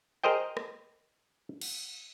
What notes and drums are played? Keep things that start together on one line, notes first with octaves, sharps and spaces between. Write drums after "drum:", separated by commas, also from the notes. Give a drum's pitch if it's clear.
G#4 A#4 C5 D#5 G5
drum: rim click
drum: cymbal